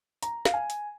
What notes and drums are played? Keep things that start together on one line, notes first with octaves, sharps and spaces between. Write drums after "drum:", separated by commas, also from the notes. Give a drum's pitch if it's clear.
A#5, drum: hi-hat
F5, drum: snare
G#5
drum: hi-hat